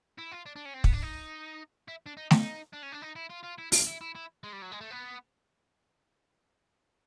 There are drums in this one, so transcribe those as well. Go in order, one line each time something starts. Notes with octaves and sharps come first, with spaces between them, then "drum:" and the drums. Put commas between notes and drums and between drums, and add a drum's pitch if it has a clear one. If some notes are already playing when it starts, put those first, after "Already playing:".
E4
F4
D4
D4
C#4
C4
B3, drum: kick
D4
D#4
E4
D4
D#4
D#4, drum: snare A3
D4
C#4
D4
D#4
E4
F4
F4
E4
F4, drum: open hi-hat
E4
E4
E4
G#3
G3
F#3
G#3
A3
B3